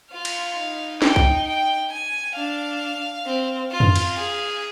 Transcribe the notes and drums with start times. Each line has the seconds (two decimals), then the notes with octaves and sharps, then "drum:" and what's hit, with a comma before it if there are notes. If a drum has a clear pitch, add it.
0.12 F4 F5
0.25 drum: cymbal
0.57 D#4
1.02 G5, drum: snare
1.16 drum: kick
1.46 G5
1.92 G#5
2.36 D4 F5
3.26 C4
3.71 F4 F5
3.80 drum: tom
3.96 drum: cymbal
4.17 G#4